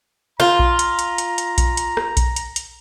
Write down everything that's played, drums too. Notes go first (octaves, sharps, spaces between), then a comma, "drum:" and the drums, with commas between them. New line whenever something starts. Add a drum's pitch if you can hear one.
F4 A#5, drum: rim click
drum: kick A#1
drum: hi-hat
drum: hi-hat
drum: hi-hat
drum: hi-hat
drum: kick A#1, hi-hat
drum: hi-hat
drum: rim click
drum: kick A#1, hi-hat
drum: hi-hat
drum: hi-hat